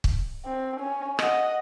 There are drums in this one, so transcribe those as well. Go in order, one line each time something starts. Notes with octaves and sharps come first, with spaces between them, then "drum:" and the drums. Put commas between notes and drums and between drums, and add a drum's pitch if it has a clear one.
drum: kick
C4
C#4
D#5 F#5, drum: rim click